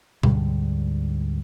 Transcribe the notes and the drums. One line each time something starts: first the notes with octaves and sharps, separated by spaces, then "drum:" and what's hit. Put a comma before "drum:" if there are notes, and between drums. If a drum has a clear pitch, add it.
D2 G#2 D3 G3, drum: tom B2